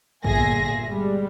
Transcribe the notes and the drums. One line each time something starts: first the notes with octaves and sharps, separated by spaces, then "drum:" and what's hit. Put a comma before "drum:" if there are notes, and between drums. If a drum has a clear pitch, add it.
G1 A#2 G#4 E5 G#5 A#6, drum: kick
G3 G#3